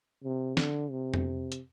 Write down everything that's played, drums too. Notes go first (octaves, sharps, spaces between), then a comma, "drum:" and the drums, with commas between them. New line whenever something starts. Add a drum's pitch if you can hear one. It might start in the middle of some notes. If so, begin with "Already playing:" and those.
C3
D3, drum: snare
C3
drum: tom F2
drum: hi-hat